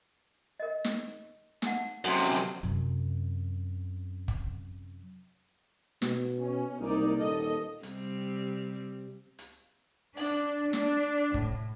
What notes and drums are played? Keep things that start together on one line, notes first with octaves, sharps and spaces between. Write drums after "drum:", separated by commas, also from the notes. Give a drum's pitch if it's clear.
A#4 D#5
drum: snare
F#5 A5, drum: snare
F#2 C3 A4 C6
F#2 C3
drum: kick
B2, drum: snare
C#4
C2 A#3 D#4 D5
D#1 A4 D#5
C3 G3 C4, drum: hi-hat
drum: hi-hat
D4, drum: open hi-hat
D4, drum: snare
A2, drum: kick